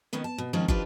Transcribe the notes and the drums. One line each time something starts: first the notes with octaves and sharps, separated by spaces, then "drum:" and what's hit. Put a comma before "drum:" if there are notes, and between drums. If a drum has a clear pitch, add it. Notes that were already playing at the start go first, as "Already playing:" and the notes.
B2 D#3 B3 C#4
A5
B2
D#3 F3 G#3 C4 C#4 F4
D#3 F3 D4 F4 G4 B4, drum: kick